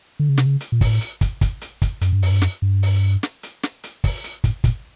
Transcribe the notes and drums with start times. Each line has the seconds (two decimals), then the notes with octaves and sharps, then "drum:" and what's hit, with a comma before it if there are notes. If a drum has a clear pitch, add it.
0.20 D3
0.29 C#3
0.38 C3, drum: snare
0.46 C#3
0.60 drum: hi-hat
0.72 A#2
0.81 A2, drum: kick, open hi-hat
1.01 drum: hi-hat
1.21 drum: kick, hi-hat
1.41 drum: kick, hi-hat
1.61 drum: hi-hat
1.82 drum: kick, hi-hat
2.01 F#2, drum: hi-hat
2.13 G2
2.22 F#2, drum: open hi-hat
2.31 G2
2.42 F#2, drum: snare
2.62 G2
2.83 drum: open hi-hat
3.23 drum: snare
3.43 drum: hi-hat
3.63 drum: snare
3.84 drum: hi-hat
4.04 drum: kick, open hi-hat
4.24 drum: hi-hat
4.44 A2, drum: kick, hi-hat
4.64 A#2, drum: kick, hi-hat